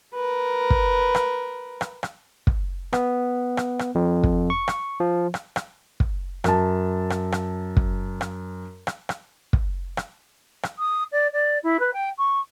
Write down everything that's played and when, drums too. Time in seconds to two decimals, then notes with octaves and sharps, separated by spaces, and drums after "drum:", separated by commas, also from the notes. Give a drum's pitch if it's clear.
0.14 A#4 B4
0.70 drum: kick
1.15 drum: rim click
1.81 drum: rim click
2.03 drum: rim click
2.47 drum: kick
2.93 B3, drum: rim click
3.57 drum: rim click
3.79 drum: rim click
3.95 F2
4.23 drum: kick
4.50 C#6
4.68 drum: rim click
5.00 F3
5.34 drum: rim click
5.56 drum: rim click
6.00 drum: kick
6.44 F#2 A5, drum: rim click
7.10 drum: rim click
7.32 drum: rim click
7.77 drum: kick
8.21 drum: rim click
8.87 drum: rim click
9.09 drum: rim click
9.53 drum: kick
9.97 drum: rim click
10.63 drum: rim click
10.79 D#6
11.12 D5
11.33 D5
11.64 E4
11.80 B4
11.94 G5
12.18 C#6